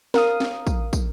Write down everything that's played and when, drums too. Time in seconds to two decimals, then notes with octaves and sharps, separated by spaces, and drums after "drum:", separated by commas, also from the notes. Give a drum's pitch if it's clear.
0.14 A#4 F5 D#6, drum: snare
0.40 drum: snare
0.67 drum: kick, tambourine
0.93 drum: kick, tambourine